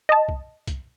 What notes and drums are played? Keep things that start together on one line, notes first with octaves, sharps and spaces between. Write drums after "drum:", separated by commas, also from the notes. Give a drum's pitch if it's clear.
D#5 A5
drum: kick
drum: kick, hi-hat